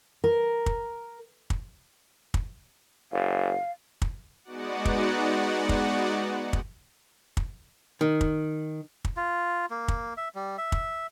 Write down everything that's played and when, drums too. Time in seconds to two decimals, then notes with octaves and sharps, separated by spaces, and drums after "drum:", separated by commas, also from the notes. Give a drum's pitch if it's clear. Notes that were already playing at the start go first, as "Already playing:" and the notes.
0.24 A#4
0.66 drum: kick
1.50 drum: kick
2.34 drum: kick
3.12 F#1 F5
4.02 drum: kick
4.44 G#3 B3 D#4 F#4 D5 F#5
4.85 drum: kick
5.69 drum: kick
6.53 drum: kick
7.37 drum: kick
8.01 D#3
8.21 drum: kick
9.05 drum: kick
9.17 F4
9.70 A#3
9.88 drum: kick
10.17 E5
10.35 G3
10.58 E5
10.72 drum: kick